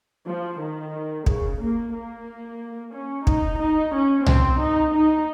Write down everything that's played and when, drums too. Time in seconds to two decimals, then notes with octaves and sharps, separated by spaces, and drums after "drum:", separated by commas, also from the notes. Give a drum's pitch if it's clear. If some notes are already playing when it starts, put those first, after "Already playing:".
0.26 F3
0.60 D#3
1.26 C#3, drum: kick
1.60 A#3
1.94 A#3
2.93 C#4
3.27 D#4, drum: kick
3.60 D#4
3.94 C#4
4.26 C4, drum: tom C2
4.60 D#4
4.93 D#4